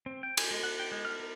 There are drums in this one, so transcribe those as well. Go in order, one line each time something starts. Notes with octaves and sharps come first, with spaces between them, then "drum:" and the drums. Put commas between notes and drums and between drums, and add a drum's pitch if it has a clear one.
C4
G5
G#5, drum: cymbal
G#3
F#5
G5
G#3
F6
A#4